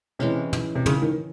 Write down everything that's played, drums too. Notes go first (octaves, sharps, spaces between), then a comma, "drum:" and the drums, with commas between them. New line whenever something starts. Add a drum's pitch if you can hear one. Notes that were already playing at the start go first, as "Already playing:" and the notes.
C3 E3 G#3 C#4
drum: tom
C3
C#3, drum: tom
D#3